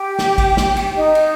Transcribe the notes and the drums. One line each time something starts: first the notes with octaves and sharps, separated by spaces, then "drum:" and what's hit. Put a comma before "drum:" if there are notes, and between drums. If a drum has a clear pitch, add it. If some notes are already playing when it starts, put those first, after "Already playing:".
Already playing: G4 G5
drum: snare
drum: kick G#1, cymbal
drum: snare
drum: cymbal
D#4 D#5
drum: cymbal